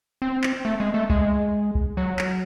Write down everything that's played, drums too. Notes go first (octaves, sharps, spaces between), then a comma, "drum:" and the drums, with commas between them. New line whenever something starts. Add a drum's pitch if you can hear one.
C4
drum: clap
A3
G#3
A3
G#3, drum: kick C2
drum: kick C2
F#3
drum: clap